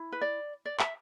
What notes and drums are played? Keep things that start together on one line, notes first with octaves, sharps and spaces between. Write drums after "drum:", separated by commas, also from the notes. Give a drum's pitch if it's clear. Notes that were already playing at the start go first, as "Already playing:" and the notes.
Already playing: E4
B4
D5
D5
E5, drum: clap